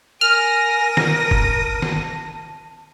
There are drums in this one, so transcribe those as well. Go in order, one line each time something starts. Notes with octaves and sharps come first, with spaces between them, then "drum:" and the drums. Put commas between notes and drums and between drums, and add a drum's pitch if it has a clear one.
A#4 G#5 D#6 F6 A#6
drum: snare
A5
drum: kick
drum: snare